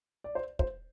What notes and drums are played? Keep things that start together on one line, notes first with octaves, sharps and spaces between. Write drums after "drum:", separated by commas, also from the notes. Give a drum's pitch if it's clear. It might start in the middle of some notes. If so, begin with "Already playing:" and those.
D5
C5
C5, drum: kick